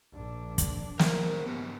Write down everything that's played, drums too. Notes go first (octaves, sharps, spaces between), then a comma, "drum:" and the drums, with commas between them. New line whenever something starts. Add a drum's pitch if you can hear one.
A#1 D4
drum: kick, hi-hat
F#3 A#4 C5 E5, drum: snare
B3 G4